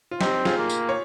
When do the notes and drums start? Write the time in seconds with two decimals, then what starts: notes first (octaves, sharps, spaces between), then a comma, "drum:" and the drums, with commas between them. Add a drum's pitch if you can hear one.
0.11 F4
0.21 C4 D#4 G4, drum: snare
0.45 F4 G#4, drum: snare
0.57 A#3
0.69 drum: tambourine
0.89 C#5